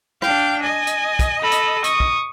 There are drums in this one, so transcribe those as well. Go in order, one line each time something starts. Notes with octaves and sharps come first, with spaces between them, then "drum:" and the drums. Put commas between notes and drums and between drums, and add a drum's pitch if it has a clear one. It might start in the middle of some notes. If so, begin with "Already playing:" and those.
D4 F5 G5, drum: rim click
D#5 G#5
drum: hi-hat
drum: kick, hi-hat
A4 B5
drum: hi-hat
C#6 D#6, drum: hi-hat
drum: kick